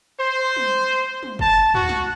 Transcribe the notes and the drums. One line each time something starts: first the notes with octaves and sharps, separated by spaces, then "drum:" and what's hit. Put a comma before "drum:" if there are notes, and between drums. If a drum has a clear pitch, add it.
C5
drum: tom
drum: tom
A5, drum: kick
F#4, drum: tom
drum: snare